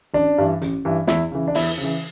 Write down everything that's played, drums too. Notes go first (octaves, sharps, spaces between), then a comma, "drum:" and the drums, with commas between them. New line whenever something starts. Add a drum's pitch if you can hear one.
A1 D4
G2 E3
A1, drum: hi-hat
G2 E3
E2 E4, drum: snare
C#3 E3
D4
E2 E4, drum: open hi-hat
C#3
E3